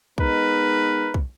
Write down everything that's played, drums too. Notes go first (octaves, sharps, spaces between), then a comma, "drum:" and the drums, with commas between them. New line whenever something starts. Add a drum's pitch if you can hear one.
G#3 B3 D#4 A#4 B4, drum: kick
drum: kick